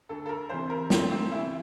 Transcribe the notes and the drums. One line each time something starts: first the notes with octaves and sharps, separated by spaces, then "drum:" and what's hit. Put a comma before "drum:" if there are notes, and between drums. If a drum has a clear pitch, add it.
D2 A4
A4
A#4
C3 E3 C5
A#4
D2 C4, drum: snare
C4
C3 E3 E4